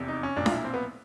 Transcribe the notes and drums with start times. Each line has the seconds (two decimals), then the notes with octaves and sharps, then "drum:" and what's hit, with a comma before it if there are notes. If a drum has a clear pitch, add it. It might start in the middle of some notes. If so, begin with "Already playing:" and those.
Already playing: F1 E2 C3
0.08 D#4
0.23 C#4
0.37 B1 A#2 F3 D4
0.46 F4, drum: snare D4
0.51 E4
0.64 C4
0.74 B3